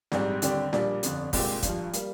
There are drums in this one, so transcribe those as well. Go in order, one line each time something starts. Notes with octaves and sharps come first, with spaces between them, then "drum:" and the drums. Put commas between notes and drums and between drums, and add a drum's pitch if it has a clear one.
A#1 G#2 G3 C4, drum: snare
D#2 D3 G3 C4 G4, drum: hi-hat
A#1 A#2 G3 D4, drum: snare
G1 F2 D3, drum: hi-hat
C2 A#2 G#3 C4 G4, drum: kick, open hi-hat
G#1 G2 F3, drum: kick, hi-hat
G3 A#3, drum: hi-hat